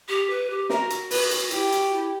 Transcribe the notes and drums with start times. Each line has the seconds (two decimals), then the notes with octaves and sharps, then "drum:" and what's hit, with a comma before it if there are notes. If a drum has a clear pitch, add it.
0.09 G4
0.30 B4
0.50 G4
0.70 F#4 A#4, drum: snare
0.90 drum: hi-hat
1.11 B4, drum: open hi-hat
1.31 drum: hi-hat
1.51 E4 G4, drum: hi-hat
1.72 F#4, drum: hi-hat
1.92 E4